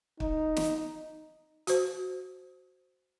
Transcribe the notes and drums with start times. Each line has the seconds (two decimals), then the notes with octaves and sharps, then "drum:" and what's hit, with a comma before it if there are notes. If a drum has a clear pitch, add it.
0.20 D#4, drum: kick
0.57 drum: snare
1.67 F#4 C5, drum: hi-hat